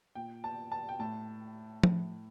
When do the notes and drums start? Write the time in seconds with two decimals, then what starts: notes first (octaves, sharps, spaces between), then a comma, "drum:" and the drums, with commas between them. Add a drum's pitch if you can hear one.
0.15 A#2 G5
0.44 A5
0.72 A5
0.89 G5
0.99 A2 A5
1.84 A2, drum: tom F3